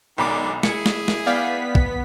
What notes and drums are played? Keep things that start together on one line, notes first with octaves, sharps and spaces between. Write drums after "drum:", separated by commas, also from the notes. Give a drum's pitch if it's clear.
B1 D#3 G#3 D4 B5 D6
E4 G#4 C#7, drum: snare
drum: snare
drum: snare
B3 D5 F5 G5 B6
drum: kick